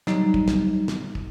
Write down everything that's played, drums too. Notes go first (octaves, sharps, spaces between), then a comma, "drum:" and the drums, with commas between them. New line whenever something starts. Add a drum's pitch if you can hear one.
F#3 G3 D#4, drum: snare
drum: kick
drum: snare
drum: snare
drum: kick